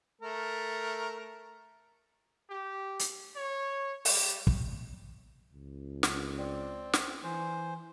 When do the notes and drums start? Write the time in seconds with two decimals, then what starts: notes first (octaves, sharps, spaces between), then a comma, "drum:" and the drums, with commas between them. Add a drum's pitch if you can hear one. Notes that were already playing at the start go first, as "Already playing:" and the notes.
0.21 A3 A#4
2.49 G4
2.99 drum: hi-hat
3.36 C#5
4.05 G3, drum: open hi-hat
4.47 drum: kick
5.52 C#2
6.03 drum: snare
6.38 C4 D5
6.93 drum: snare
7.24 E3 C5 G#5